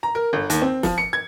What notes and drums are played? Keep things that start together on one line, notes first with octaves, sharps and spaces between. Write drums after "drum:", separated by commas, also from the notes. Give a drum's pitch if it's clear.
A#5
A#4
G1
D#2, drum: hi-hat
C4
F3, drum: snare
C#7
G#6